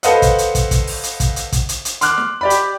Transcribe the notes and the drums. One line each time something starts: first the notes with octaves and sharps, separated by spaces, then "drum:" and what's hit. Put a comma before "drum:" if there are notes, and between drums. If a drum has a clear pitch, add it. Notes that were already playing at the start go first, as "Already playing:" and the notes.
A4 B4 C5 D#5 F5 F#5, drum: hi-hat
drum: kick, hi-hat
drum: hi-hat
drum: kick, hi-hat
drum: kick, hi-hat
drum: open hi-hat
drum: hi-hat
drum: kick, hi-hat
drum: hi-hat
drum: kick, hi-hat
drum: hi-hat
drum: hi-hat
C6 D6 F6 F#6, drum: hi-hat
drum: snare
G4 D5 B5
drum: hi-hat